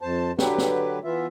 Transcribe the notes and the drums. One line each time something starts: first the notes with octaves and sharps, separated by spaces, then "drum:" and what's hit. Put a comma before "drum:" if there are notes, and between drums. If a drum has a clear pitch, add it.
F2 C5 A5
D3 F#3 G4 B4, drum: snare
drum: snare
E3 B3 F4 E5